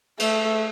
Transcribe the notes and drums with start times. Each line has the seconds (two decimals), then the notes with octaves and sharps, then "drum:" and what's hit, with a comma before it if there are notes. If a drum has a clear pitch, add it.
0.19 A3, drum: cymbal